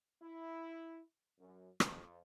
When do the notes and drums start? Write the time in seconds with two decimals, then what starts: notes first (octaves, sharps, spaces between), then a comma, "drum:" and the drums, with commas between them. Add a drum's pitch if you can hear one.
0.20 E4
1.39 F#2
1.80 F2, drum: rim click